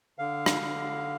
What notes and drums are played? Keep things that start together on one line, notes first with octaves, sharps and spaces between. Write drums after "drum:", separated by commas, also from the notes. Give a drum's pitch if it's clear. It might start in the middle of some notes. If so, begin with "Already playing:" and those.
D3 F5
drum: rim click
D3